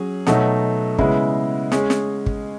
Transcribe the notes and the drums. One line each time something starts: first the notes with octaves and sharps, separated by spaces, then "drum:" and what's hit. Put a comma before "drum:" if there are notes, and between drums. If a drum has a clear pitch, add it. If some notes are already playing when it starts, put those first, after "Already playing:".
Already playing: F#3 C#4 G#4
B2 F#3 A3 D#4, drum: snare
C#3 G#3 B3 E4, drum: kick
G#3 C#4 G#4, drum: snare
drum: snare
drum: kick